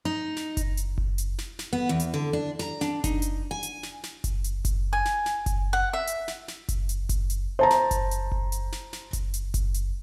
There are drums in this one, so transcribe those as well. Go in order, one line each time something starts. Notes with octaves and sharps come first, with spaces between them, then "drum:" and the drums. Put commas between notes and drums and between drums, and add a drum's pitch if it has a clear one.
D#4
drum: snare
drum: kick F#1, hi-hat
drum: hi-hat
drum: kick F#1
drum: hi-hat
drum: snare
drum: snare
B3
E2
drum: hi-hat
D3
D4
A#5, drum: snare
D4, drum: snare
D#4, drum: kick F#1, hi-hat
drum: hi-hat
G#5
drum: hi-hat
drum: snare
drum: snare
drum: kick F#1, hi-hat
drum: hi-hat
drum: kick F#1, hi-hat
G#5
drum: snare
drum: snare
drum: kick F#1, hi-hat
F#5
E5
drum: hi-hat
drum: snare
drum: snare
drum: kick F#1, hi-hat
drum: hi-hat
drum: kick F#1, hi-hat
drum: hi-hat
C5 A5 A#5
drum: snare
drum: kick F#1, hi-hat
drum: hi-hat
drum: kick F#1
drum: hi-hat
drum: snare
drum: snare
drum: kick F#1, hi-hat
drum: hi-hat
drum: kick F#1, hi-hat
drum: hi-hat